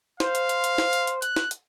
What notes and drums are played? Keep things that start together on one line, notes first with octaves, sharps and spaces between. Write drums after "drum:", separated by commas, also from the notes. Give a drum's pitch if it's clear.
C5 F5, drum: snare
drum: hi-hat
drum: hi-hat
drum: hi-hat
drum: snare
drum: hi-hat
drum: hi-hat
F#6, drum: hi-hat
drum: snare
drum: hi-hat